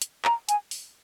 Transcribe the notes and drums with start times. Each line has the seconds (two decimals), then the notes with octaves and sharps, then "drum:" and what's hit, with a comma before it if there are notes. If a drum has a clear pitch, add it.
0.02 drum: hi-hat
0.25 A#5, drum: clap
0.49 G#5, drum: hi-hat
0.71 drum: open hi-hat